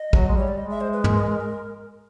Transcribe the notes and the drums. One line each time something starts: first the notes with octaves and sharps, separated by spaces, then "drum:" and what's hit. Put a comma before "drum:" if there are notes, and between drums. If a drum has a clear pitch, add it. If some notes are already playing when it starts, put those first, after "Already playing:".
Already playing: D#5
F#3, drum: kick
G#3
G3 C#5
D5
G#3 D#5
E5
C5
B4
A#4, drum: tom